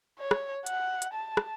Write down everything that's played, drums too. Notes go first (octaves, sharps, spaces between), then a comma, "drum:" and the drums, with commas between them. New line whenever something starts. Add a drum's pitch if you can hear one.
C#5
drum: rim click
F#5, drum: hi-hat
drum: hi-hat
A5
drum: rim click